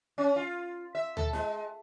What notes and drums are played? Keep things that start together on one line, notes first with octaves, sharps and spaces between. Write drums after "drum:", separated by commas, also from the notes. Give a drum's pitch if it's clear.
C#4
F4
E5
A4, drum: tom D2
G#3, drum: snare